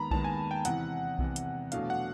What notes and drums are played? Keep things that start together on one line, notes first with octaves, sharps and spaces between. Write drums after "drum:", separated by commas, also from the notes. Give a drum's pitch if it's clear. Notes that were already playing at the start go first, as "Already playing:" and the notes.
Already playing: D#2 D#3 G#3 B3 A#5 B5
D#2 D#3 G#3 B3 A5, drum: kick B1
G#5
G5
E2 C3 E3 F#5, drum: hi-hat
E2 C3 E3, drum: kick B1
drum: hi-hat
E2 B2 F#3 A3 D4 F5, drum: hi-hat
F#5